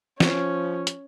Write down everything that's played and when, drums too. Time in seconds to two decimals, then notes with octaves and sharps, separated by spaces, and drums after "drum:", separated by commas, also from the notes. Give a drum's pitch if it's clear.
0.20 F3 C#4, drum: snare
0.87 drum: hi-hat